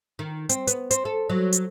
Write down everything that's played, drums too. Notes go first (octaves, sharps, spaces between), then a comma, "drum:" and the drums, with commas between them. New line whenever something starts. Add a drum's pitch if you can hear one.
D#3
C4, drum: hi-hat
B3, drum: hi-hat
C4, drum: hi-hat
A4
F#3
drum: hi-hat